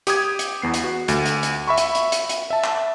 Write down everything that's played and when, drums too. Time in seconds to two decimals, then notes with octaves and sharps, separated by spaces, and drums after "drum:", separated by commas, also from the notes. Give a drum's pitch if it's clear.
0.07 G4 D#6 G#6, drum: hi-hat
0.39 drum: hi-hat
0.62 E2 B3 C7
0.74 drum: hi-hat
0.84 F#4
1.08 D2, drum: hi-hat
1.26 drum: hi-hat
1.43 drum: hi-hat
1.67 E5 B5 C#6
1.78 drum: hi-hat
1.95 drum: hi-hat
2.12 drum: hi-hat
2.29 drum: hi-hat
2.50 E5 A5
2.64 drum: clap